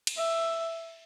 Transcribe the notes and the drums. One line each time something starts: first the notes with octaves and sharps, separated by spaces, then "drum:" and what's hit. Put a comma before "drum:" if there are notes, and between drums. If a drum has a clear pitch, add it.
drum: cymbal
E5